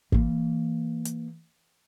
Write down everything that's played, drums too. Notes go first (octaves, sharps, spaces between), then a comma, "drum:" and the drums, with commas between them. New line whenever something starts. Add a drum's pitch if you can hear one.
E3 A#3, drum: kick
drum: hi-hat